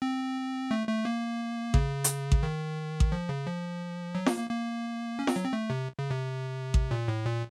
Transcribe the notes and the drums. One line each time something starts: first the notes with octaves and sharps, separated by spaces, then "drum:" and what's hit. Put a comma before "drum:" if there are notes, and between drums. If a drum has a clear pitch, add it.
C4
A3
A3
A#3
C#3, drum: kick A1
drum: hi-hat
drum: kick A1
D#3
drum: kick A1
F3
C#3
F3
F#3
A#3, drum: snare
A#3
A#3
C#4
C4, drum: snare
F#3
C4
A3
C3
C#3
C3
drum: kick A1
A#2
A2
A#2